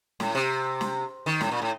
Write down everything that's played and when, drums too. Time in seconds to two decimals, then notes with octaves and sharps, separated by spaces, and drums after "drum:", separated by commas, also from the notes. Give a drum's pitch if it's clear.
0.20 A2, drum: snare
0.35 C3
0.81 drum: snare
1.26 D#3
1.41 A2, drum: snare
1.51 A#2
1.62 A2